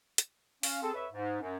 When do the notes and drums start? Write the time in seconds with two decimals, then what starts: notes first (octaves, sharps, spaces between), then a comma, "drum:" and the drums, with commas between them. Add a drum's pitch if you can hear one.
0.18 drum: hi-hat
0.63 C#4 F5, drum: open hi-hat
0.82 C4 G#4 A4
0.94 F2 B4 C#5 E5
1.13 G#2
1.41 F#2